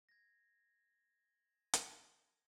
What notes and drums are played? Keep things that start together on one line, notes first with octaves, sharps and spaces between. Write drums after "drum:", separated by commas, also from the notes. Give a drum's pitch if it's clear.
G#6 A#6
drum: hi-hat